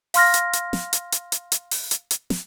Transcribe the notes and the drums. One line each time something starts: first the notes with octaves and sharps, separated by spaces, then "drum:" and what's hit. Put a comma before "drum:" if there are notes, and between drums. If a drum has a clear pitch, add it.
F5 C6 F6 A#6, drum: open hi-hat
drum: hi-hat
drum: hi-hat
drum: snare
drum: hi-hat
drum: hi-hat
drum: hi-hat
drum: hi-hat
drum: open hi-hat
drum: hi-hat
drum: hi-hat
drum: snare